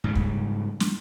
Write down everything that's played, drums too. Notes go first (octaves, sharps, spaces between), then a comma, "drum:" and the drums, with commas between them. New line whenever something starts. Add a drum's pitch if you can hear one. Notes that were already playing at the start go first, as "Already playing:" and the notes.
G#2 C#3 G3
drum: kick
drum: snare